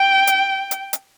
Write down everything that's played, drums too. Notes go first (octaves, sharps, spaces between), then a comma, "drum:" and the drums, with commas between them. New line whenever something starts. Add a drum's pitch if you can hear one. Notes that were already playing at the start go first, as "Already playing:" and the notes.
Already playing: G5
drum: hi-hat
drum: hi-hat
drum: hi-hat